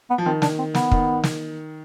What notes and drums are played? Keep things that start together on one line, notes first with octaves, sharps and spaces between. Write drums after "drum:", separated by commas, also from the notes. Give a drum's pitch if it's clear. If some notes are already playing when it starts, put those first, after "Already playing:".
B3
F3
D#3 C4
D4, drum: snare
C4
B3, drum: snare
D#3, drum: kick
drum: snare